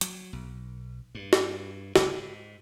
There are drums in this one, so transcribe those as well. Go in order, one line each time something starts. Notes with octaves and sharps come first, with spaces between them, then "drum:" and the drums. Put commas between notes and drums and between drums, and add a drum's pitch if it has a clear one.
F#3, drum: hi-hat
B1
G2
drum: snare
F#1 C#2 A2 C3, drum: snare
G#2